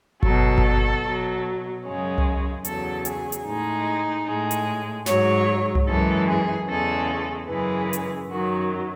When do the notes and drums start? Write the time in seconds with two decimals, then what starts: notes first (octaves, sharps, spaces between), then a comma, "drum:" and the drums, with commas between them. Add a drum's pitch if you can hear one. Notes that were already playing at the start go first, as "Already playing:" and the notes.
0.23 B2 F#3 A4, drum: kick G1
0.58 drum: kick G1
1.03 B2 F#3
1.84 F#2 C#3 G#3 C#5
2.18 drum: tom C2
2.65 E2 C#3 F#3 A4, drum: hi-hat
3.05 G#4, drum: hi-hat
3.32 drum: hi-hat
3.45 A2 G#3 D#4
4.26 A2 G#3
4.51 drum: hi-hat
5.06 G#2 F#3 C#5, drum: snare
5.75 drum: tom C2
5.87 F#2 E3 G#3 A4
6.28 G#4
6.68 E2 C#3 G#3 A4
7.48 F#2 C#3 E3 G#3 B4
7.93 drum: hi-hat
8.29 F#2 D#3 F#3 F#4